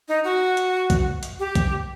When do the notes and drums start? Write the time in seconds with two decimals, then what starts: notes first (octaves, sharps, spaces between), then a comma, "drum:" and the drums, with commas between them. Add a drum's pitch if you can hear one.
0.08 D#4
0.24 F#4
0.57 drum: hi-hat
0.90 drum: kick, hi-hat
1.23 drum: hi-hat
1.39 G4
1.55 drum: kick, hi-hat